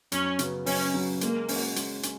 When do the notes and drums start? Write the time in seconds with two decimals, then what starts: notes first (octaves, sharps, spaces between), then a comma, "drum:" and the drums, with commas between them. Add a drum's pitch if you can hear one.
0.12 F#2 C#4, drum: hi-hat
0.39 C#3 F#3 B3, drum: hi-hat
0.66 F#2 C#4, drum: open hi-hat
0.94 C#3 F#3 B3
1.21 G#3 A#3, drum: hi-hat
1.48 C#4, drum: open hi-hat
1.54 F#4
1.76 G#3, drum: hi-hat
2.03 C#4, drum: hi-hat